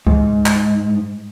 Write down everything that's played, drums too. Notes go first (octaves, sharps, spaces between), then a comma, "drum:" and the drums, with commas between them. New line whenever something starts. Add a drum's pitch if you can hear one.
G#2, drum: kick C#2
drum: clap